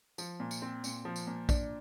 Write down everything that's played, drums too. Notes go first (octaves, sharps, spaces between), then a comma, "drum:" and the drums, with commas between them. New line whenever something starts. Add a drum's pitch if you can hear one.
F3, drum: tambourine
A#2
drum: tambourine
C4
A#2, drum: tambourine
F3
drum: tambourine
A#2
D4, drum: kick A#1, tambourine